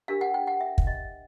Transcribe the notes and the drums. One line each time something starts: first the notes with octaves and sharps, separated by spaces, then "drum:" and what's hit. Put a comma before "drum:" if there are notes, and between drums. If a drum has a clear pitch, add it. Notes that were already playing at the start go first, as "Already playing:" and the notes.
D4 G4 A#4 F5
F#5
G5
F#5
E5
drum: kick
D#5